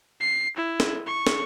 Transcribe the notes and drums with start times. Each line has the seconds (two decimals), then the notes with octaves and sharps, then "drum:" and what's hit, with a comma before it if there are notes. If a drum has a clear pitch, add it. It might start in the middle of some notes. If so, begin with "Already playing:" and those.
0.21 C7
0.56 E4
0.80 drum: snare
1.06 C#6
1.27 drum: snare